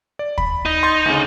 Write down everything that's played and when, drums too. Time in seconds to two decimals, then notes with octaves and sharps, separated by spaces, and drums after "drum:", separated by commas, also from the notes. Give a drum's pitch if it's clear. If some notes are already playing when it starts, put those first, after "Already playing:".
0.19 D5
0.38 B5, drum: kick
0.66 D#4
0.83 C6 G6 A6
1.06 D2 C#3